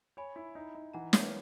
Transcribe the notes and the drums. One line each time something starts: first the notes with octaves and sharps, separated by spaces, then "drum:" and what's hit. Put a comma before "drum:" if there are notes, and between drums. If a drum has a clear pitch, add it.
C#5 G#5 B5
E4
D#4
D#4
E3 F#5 A#5
A#3 C#5 E5, drum: snare
B4 D#5